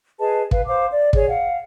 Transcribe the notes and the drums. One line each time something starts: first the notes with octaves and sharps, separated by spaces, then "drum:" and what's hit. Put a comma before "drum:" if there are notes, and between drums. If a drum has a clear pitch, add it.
G#4 B4 D#5 A5
B4 F5, drum: kick
C5 F5 D6
D5
G#4 C#5, drum: kick
F5 F#5